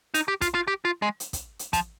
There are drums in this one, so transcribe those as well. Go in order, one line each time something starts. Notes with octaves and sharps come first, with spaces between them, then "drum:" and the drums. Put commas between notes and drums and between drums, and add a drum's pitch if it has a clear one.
D#4, drum: hi-hat
G4
F4, drum: kick, hi-hat
F4
G4
F4
G#3
drum: hi-hat
drum: kick, hi-hat
drum: hi-hat
F3, drum: kick, hi-hat